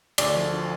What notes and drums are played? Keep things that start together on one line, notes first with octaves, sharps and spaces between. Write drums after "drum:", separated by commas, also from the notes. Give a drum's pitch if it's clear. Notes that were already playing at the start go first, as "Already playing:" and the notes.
D2 D5, drum: cymbal
F3